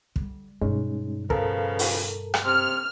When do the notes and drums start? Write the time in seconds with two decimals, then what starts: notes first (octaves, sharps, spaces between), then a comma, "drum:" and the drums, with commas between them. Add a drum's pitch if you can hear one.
0.16 D3 G3, drum: kick
0.61 G2 B2 G#3 C#4 D#4
1.30 C#3 F3 B3 A4 A#4, drum: kick
1.79 drum: open hi-hat
2.34 drum: rim click
2.44 C3 F6